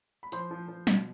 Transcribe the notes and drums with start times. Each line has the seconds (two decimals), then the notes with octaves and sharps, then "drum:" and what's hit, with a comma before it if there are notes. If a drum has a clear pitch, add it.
0.23 B5
0.32 F3 C5 C6, drum: hi-hat
0.51 F3
0.68 F3
0.87 B2, drum: snare